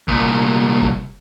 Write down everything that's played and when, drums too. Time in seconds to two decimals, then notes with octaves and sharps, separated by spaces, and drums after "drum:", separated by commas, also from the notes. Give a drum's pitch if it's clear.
0.08 C2 A#2, drum: kick
0.81 drum: kick